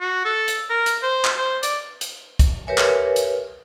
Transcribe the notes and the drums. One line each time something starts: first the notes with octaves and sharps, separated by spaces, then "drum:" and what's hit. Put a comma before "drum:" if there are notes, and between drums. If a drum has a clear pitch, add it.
F#4
A4
drum: hi-hat
A#4
drum: hi-hat
C5
drum: clap
C5
D5, drum: hi-hat
drum: hi-hat
drum: kick, hi-hat
G4 A#4 B4 C#5 E5 G#5
drum: clap
drum: hi-hat